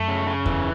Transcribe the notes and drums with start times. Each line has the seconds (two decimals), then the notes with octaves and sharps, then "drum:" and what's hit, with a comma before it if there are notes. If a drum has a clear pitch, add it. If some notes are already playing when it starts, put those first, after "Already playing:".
Already playing: F#2 A3
0.08 C#3
0.27 C#3
0.46 E3, drum: kick E2